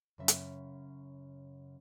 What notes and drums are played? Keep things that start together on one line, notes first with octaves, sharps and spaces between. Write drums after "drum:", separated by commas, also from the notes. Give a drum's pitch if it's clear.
F#2 C#3 E5
drum: hi-hat